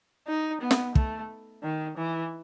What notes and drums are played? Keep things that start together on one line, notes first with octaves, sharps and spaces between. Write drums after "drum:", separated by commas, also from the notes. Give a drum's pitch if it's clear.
D#4
B3
drum: snare
A3, drum: kick
D#3
E3